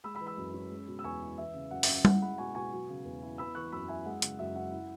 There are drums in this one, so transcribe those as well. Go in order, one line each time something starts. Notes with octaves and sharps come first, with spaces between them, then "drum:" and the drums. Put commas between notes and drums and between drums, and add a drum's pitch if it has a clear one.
G#3 B5 E6
B5 E6
E3
B5 E6
F#2
C#4
G#3
B2
E6
E2 G#5 C#6
E4
E3 E5
C#3
F#2 F#5
E5, drum: open hi-hat
C#4 F#5
E4 F#5, drum: tom G3
G#3 F#5 B5
B2 G#5 C#6
B2 G#5 C#6
F#3
C#3
E2
E4
B3 B5 E6
E3 C#6 F#6
F#2 B5 E6
E4 E5 G#5
G#3 F#5
C#3, drum: hi-hat
F#2 E5
C#4 F#5
E4